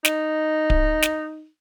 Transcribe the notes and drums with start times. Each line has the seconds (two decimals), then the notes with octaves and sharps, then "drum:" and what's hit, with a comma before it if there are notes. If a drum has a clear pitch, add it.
0.05 D#4, drum: snare
0.70 drum: kick D1
1.02 drum: snare